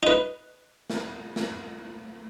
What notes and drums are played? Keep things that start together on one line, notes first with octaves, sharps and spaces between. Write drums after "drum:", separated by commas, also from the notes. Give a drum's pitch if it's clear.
D#4 B4
drum: snare
drum: snare